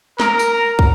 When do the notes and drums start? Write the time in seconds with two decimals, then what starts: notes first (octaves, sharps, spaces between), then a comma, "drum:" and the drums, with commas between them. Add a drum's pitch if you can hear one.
0.20 A#4 A#5, drum: snare
0.39 drum: tambourine
0.52 A#5
0.79 drum: kick